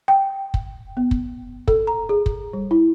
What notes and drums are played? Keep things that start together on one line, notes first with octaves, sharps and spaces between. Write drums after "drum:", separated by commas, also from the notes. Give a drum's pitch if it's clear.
G5
drum: kick
B3
drum: kick
A4, drum: kick
A#5
G#4
drum: kick
G3
E4